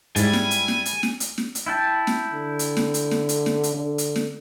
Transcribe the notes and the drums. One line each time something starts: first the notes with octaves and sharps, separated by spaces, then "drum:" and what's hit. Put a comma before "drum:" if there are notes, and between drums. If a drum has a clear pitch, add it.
G#2 G3 E4 G#5 A6, drum: hi-hat
drum: snare
drum: hi-hat
drum: snare
drum: hi-hat
drum: snare
drum: hi-hat
drum: snare
drum: hi-hat
E4 G5 A5
drum: snare
D3
drum: hi-hat
drum: snare
drum: hi-hat
drum: snare
drum: hi-hat
drum: snare
drum: hi-hat
D3
drum: hi-hat
drum: snare